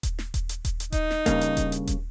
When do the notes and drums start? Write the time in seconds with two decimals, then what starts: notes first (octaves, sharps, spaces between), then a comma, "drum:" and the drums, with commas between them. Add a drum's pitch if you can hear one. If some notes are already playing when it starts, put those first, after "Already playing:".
0.03 drum: kick D#1, hi-hat
0.19 drum: snare
0.34 drum: kick D#1, hi-hat
0.49 drum: hi-hat
0.65 drum: kick D#1, hi-hat
0.80 drum: hi-hat
0.92 D#4, drum: kick D#1, hi-hat
1.11 drum: snare
1.26 G2 C#3 A#3, drum: kick D#1, hi-hat
1.41 drum: hi-hat
1.57 drum: kick D#1, hi-hat
1.72 drum: hi-hat
1.87 drum: kick D#1, hi-hat